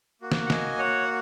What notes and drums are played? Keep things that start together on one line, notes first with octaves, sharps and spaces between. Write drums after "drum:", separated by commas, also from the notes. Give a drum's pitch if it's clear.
A#3 F#4
drum: snare
F#5
D#5 G#5, drum: snare
C#5 F#5